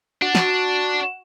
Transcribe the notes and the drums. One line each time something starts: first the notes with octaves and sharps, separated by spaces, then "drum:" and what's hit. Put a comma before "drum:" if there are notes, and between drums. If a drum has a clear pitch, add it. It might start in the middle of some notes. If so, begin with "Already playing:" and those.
D4 F#4
drum: snare